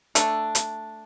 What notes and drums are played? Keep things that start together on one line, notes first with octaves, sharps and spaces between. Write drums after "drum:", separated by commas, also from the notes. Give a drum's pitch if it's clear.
A3 D4, drum: hi-hat
drum: hi-hat